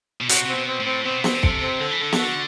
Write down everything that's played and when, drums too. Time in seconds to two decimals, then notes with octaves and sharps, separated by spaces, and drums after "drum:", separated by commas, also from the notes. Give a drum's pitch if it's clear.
0.21 B2
0.29 C3 F#4, drum: hi-hat
0.45 C3
0.49 C4
0.54 B2
0.67 C4
0.80 A2
0.86 C4
1.05 B2 C4
1.24 C4, drum: snare B3
1.35 D3
1.43 C3 A4, drum: kick
1.62 C4
1.80 D3 A4
1.91 E3
2.00 D3 A4
2.13 E3, drum: snare B3
2.18 D3 F#4